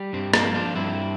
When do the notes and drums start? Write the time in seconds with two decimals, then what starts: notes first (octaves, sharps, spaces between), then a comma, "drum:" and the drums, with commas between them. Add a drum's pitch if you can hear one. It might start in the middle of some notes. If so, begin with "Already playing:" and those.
Already playing: G3
0.13 G2 C4
0.34 A#3 D4, drum: rim click
0.44 F3
0.54 D4 F4
0.75 G2 C4 E4